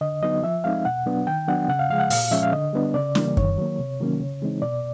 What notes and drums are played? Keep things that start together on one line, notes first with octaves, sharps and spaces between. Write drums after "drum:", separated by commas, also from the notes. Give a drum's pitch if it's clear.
D3 D#5
F#3 B3 D#4 D#5
F3 E5
G#3 C4 D#4 F5
B2 F#5
F#3 B3 D4
D#3 G5
F#3 B3 D4 F#5
C#3 F#5
F5
F3 G#3 F5
F#5
A#2 F5, drum: open hi-hat
F3 G#3 C#4 E5
F5
D3 D#5
G3 B3 D4
C#3 D5
E3 G3 A#3, drum: snare
D#3 C#5, drum: kick F#2
F#3 A#3
C3
D#3 F#3 A#3 C#4
C#3
E3 G#3 C4 D#4
B2 D5